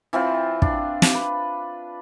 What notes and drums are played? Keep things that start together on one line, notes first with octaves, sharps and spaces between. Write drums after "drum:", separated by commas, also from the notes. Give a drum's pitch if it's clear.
E3 C4 F4
D4, drum: kick
drum: snare
B4